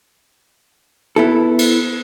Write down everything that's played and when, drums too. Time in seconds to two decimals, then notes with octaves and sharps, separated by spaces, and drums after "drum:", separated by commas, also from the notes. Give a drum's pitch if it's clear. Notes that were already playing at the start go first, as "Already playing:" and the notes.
1.16 B3 E4 A4
1.59 drum: cymbal